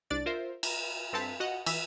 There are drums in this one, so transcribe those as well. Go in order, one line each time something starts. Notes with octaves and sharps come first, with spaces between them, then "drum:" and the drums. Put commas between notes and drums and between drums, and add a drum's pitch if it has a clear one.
C2 D4 D5 A6
F4 A#4 C5 E5
A#5, drum: cymbal
G2 C4 A4 A5 B6
F#4 D#5 F#5
E3 E6 B6, drum: cymbal